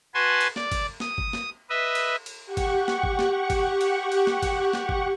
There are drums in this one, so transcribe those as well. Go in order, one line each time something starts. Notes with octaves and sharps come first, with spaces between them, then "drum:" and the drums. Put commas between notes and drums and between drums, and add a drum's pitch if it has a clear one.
F#4 B4 G#5 A5 C6
drum: cymbal
D5, drum: snare
drum: kick G1, cymbal
D#6, drum: snare
drum: kick G1
drum: snare
B4 D#5 E5
drum: cymbal
drum: cymbal
G4 F#5 C#6
drum: kick G1, cymbal
drum: snare
drum: kick G1
drum: snare
drum: kick G1, cymbal
drum: cymbal
drum: cymbal
drum: snare
drum: kick G1, cymbal
drum: snare
drum: kick G1